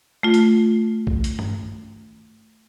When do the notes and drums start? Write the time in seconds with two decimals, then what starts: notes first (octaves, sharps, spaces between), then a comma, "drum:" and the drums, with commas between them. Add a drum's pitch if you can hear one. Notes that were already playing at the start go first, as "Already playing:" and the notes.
0.23 A3 F4
0.34 drum: hi-hat
1.07 drum: kick
1.24 drum: hi-hat
1.39 drum: tom G2